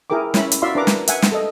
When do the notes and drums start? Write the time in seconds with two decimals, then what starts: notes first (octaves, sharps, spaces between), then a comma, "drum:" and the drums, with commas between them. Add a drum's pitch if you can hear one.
0.10 E4 G#4 A#4 G5 D6
0.34 C#4 E4 B5, drum: snare
0.52 drum: hi-hat
0.62 E4 F#4 D5 E5 F5 C6
0.75 D4 A#4 B4 A#5 D6
0.87 drum: snare
1.07 B4 E5 F#5 G#5, drum: hi-hat
1.22 drum: snare
1.32 A4 D#5